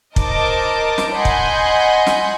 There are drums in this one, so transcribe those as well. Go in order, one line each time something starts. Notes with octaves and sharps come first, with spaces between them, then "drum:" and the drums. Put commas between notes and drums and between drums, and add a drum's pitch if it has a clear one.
D#4 A#4 C5 D#5 A5 D6, drum: kick
drum: snare
D#5 F#5 G#5 B5 C6 G6
drum: kick
drum: snare